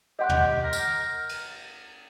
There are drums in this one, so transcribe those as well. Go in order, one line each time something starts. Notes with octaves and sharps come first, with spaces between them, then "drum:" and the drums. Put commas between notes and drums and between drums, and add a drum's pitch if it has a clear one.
G4 D#5 F#5 C6 F#6
drum: tom
A#4
drum: tambourine
drum: cymbal